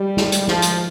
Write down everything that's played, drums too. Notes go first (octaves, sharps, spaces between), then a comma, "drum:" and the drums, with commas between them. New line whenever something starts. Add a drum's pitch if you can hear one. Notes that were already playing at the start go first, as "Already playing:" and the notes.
Already playing: G3
drum: snare
drum: hi-hat
F3, drum: snare
drum: hi-hat